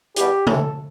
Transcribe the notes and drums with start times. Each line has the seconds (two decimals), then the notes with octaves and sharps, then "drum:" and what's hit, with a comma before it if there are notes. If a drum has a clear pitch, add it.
0.16 E2 B2 G3 B3 G4, drum: hi-hat
0.47 A2 E3 A3 A4, drum: tom